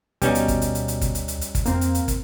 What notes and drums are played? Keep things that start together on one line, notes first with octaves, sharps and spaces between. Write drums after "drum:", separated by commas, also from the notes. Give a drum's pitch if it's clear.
D2 B2 G3 C#4 D#4, drum: hi-hat
drum: hi-hat
drum: kick, hi-hat
drum: hi-hat
drum: hi-hat
drum: hi-hat
drum: kick, hi-hat
drum: hi-hat
drum: hi-hat
drum: hi-hat
drum: kick, hi-hat
F2 A#3 C4, drum: hi-hat
drum: hi-hat
drum: hi-hat
drum: kick, hi-hat